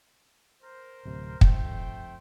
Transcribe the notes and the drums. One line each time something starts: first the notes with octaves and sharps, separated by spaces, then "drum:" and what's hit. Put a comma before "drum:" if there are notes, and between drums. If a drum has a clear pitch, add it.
A#4 C5
D1 C3
F2 A3 C5 G5, drum: kick